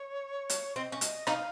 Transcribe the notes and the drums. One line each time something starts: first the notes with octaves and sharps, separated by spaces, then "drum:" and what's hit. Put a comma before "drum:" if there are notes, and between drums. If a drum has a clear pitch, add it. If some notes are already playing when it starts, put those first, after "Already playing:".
Already playing: C#5
drum: hi-hat
C4 D#5
C#4
D#5, drum: hi-hat
D#4 F5, drum: rim click